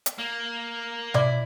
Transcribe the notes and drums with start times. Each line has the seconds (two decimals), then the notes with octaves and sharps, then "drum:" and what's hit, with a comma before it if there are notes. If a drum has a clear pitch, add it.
0.06 drum: hi-hat
0.18 A#3
1.14 E4 D5, drum: tom B2